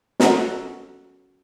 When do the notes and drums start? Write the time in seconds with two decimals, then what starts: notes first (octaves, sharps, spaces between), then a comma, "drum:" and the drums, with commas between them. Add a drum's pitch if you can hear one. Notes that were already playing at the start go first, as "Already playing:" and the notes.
0.20 C#4 F#4 A4 A#4, drum: snare